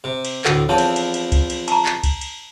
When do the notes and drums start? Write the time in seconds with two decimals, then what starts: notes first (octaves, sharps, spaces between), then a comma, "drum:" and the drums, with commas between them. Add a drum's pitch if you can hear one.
0.04 C3
0.25 drum: cymbal
0.45 D2 A2 A4 F#5 E6, drum: clap
0.69 E2 F3 C4 C#5 A5
0.78 drum: cymbal
0.96 drum: cymbal
1.14 drum: cymbal
1.32 drum: kick C2, cymbal
1.50 drum: cymbal
1.68 A5 A#5, drum: cymbal
1.86 drum: clap
2.04 drum: kick C2, cymbal
2.21 drum: cymbal